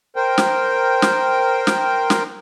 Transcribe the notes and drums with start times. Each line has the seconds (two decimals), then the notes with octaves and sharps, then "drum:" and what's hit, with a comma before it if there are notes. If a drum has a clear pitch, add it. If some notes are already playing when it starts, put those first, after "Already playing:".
0.16 A#4 C5 G5
0.38 drum: snare
1.02 drum: snare
1.67 drum: snare
2.10 drum: snare